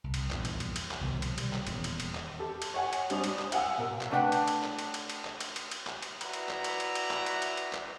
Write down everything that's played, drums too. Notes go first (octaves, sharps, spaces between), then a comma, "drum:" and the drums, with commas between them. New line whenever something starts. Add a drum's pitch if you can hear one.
C2
drum: cymbal
A#1 E2 G2 A#2, drum: clap
drum: cymbal
drum: cymbal
drum: cymbal
drum: clap
C2 B2 D#3 F3
drum: cymbal
C3 G3, drum: cymbal
drum: clap
D#1 E2, drum: cymbal
drum: cymbal
drum: cymbal
drum: clap
G4 A4
drum: cymbal
C#5 F#5 G#5
drum: cymbal
G3 D4 C5 D#6 F7, drum: cymbal
drum: cymbal
drum: clap
F5 F#5 G#5 E6, drum: cymbal
B2 A#4
drum: clap
A3 D4 B4 F#5 G5
drum: cymbal
drum: cymbal
drum: clap
drum: cymbal
drum: cymbal
drum: cymbal
drum: clap
drum: cymbal
drum: cymbal
drum: cymbal
drum: clap
drum: cymbal
E4 F#4 B4 D5 E5 A#5, drum: cymbal
drum: cymbal
drum: clap
drum: cymbal
drum: cymbal
drum: cymbal
drum: clap
drum: cymbal
drum: cymbal
drum: cymbal
drum: clap